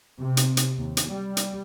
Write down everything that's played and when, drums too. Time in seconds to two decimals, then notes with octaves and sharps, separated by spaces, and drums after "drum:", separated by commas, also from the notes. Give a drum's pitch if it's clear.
0.19 C3
0.37 drum: hi-hat
0.57 drum: hi-hat
0.77 D#2
0.97 drum: hi-hat
1.07 G3
1.37 drum: hi-hat